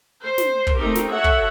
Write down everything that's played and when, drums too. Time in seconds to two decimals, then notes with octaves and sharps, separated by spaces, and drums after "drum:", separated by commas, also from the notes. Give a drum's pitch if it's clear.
0.23 C5
0.38 drum: snare
0.67 drum: kick
0.77 A3 C4 D#4 G4 A#4
0.95 drum: snare
1.11 F#4 A4 C#5 E5 F#5
1.24 drum: kick